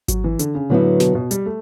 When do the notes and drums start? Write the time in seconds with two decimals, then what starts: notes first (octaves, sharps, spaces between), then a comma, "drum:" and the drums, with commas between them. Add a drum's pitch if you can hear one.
0.08 F#3, drum: kick G#1, hi-hat
0.24 E3
0.39 D3, drum: hi-hat
0.55 C#3
0.70 A2 D3 F#3 B3 E4
1.00 B2, drum: snare
1.15 B2
1.31 G3, drum: hi-hat
1.46 A3